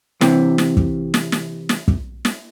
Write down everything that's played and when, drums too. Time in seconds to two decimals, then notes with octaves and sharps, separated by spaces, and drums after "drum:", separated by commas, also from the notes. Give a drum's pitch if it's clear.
0.21 C3 E3, drum: snare
0.58 drum: snare
0.77 drum: kick
1.14 drum: snare
1.32 drum: snare
1.69 drum: snare
1.88 drum: kick
2.25 drum: snare